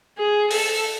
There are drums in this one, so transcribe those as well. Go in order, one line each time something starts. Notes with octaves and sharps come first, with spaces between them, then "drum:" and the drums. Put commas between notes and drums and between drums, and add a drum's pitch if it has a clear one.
G#4
A4, drum: open hi-hat